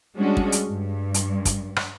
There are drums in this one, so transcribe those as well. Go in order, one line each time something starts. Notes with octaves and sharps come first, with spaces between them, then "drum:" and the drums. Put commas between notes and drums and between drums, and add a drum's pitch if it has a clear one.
G3 G#3 C#4 D4 F#4
drum: kick
drum: hi-hat
G2
drum: hi-hat
drum: kick, hi-hat
drum: rim click